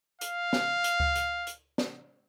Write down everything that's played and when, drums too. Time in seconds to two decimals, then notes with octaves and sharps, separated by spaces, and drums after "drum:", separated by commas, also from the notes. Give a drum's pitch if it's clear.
0.21 F5, drum: hi-hat
0.53 drum: snare
0.84 drum: hi-hat
1.00 drum: kick C#2
1.16 drum: hi-hat
1.47 drum: hi-hat
1.78 drum: snare